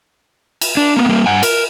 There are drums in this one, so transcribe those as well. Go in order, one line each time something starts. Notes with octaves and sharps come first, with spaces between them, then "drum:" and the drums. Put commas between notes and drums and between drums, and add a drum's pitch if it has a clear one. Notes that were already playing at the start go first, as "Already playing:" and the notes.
drum: cymbal
D4
A#3 B3
G3 A#3
G2 F#5 G#5
A#4, drum: cymbal